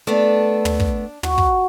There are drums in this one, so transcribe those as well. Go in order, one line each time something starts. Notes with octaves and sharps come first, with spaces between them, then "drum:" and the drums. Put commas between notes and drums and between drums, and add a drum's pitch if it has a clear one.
A3 B3 D4
drum: tom
drum: kick
F#4, drum: tom
drum: kick